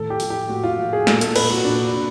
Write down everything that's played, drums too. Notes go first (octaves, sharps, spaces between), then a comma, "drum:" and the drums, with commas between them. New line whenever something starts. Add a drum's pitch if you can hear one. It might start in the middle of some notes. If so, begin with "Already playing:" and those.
Already playing: A2 D#3 A4
G4
F3, drum: open hi-hat
G4
A2 F#4
F4
F3 F#4
G#4
A#2 A4, drum: snare
A4, drum: hi-hat
A#2 B4, drum: cymbal
F#4
A#2 D4
A#2